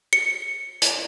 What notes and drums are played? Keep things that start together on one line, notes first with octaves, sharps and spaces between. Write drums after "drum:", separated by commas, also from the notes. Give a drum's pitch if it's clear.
C#7
drum: hi-hat